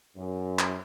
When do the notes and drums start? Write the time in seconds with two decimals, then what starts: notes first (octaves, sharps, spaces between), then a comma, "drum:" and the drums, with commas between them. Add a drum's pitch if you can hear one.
0.16 F#2
0.59 drum: clap